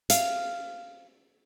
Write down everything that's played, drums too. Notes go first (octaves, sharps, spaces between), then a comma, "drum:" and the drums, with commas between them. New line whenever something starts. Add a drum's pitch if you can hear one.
F5, drum: hi-hat